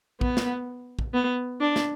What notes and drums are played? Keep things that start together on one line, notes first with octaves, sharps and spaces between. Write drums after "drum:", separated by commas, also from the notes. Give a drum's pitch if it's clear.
B3, drum: kick
drum: snare
drum: kick
B3
D4
drum: snare